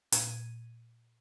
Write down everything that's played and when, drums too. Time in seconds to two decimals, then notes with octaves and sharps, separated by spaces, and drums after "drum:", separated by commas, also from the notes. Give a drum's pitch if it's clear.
0.12 A#2 G#6 D#7, drum: hi-hat